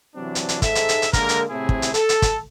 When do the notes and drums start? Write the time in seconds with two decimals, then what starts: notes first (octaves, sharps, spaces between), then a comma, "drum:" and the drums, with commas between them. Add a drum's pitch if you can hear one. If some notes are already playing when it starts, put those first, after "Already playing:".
0.15 C3 E3 F#3 C4 D4
0.35 drum: hi-hat
0.49 drum: hi-hat
0.62 G#2 A4 E5, drum: kick, hi-hat
0.75 drum: hi-hat
0.89 drum: hi-hat
1.02 drum: hi-hat
1.13 D3 G#3 A#3 A#4, drum: kick, hi-hat
1.29 drum: hi-hat
1.50 A2 C3 A3 C4 E4 G#4
1.69 drum: kick
1.82 drum: hi-hat
1.94 A4, drum: hi-hat
2.09 drum: hi-hat
2.22 drum: kick, hi-hat